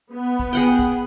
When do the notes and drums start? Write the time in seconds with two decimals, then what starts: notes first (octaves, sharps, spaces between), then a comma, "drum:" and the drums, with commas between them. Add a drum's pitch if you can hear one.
0.12 B3
0.40 drum: kick
0.53 G#4 F#5 G5
0.79 drum: kick